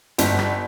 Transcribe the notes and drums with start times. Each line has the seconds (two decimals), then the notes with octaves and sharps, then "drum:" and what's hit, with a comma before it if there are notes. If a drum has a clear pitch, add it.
0.18 G1, drum: hi-hat
0.39 drum: rim click